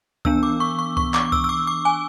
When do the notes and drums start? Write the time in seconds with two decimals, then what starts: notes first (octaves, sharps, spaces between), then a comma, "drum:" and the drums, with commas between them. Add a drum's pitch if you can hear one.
0.25 E3 B3 D4 E6, drum: kick C#2
0.43 D6
0.60 C#6
0.79 C#6
0.97 C#6, drum: kick C#2
1.14 D6, drum: clap
1.32 E6, drum: kick C#2
1.44 E6
1.49 D6
1.67 D6
1.85 G#5